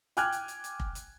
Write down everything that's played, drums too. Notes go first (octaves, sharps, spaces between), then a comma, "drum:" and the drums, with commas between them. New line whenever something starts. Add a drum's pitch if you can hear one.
G5 G#5 D6 F6 F#6 G#6, drum: hi-hat
drum: hi-hat
drum: hi-hat
drum: hi-hat
drum: kick F1
drum: hi-hat